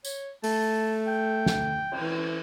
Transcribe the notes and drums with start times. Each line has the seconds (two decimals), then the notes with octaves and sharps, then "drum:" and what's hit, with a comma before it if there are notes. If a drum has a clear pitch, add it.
0.05 C#5, drum: tambourine
0.44 A3 A5, drum: open hi-hat
1.07 G5
1.46 drum: snare
1.92 drum: cymbal
2.01 E3